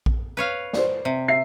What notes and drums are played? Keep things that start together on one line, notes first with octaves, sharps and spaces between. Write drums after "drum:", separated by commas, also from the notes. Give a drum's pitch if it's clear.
drum: kick A#1
B4 C#5 F5
C5 D5, drum: snare
C3
E5 C7